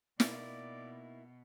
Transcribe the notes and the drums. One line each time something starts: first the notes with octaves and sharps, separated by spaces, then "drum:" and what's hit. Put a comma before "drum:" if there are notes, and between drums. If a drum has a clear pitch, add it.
B2 A#3 D#4 E4 D5, drum: snare